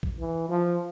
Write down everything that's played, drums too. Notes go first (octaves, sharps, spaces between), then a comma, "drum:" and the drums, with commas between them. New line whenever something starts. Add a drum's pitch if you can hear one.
drum: kick A#1
E3
F3